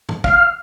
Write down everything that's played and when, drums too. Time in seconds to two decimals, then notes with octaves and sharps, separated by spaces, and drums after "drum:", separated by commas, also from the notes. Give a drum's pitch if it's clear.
0.09 drum: tom
0.24 F5, drum: kick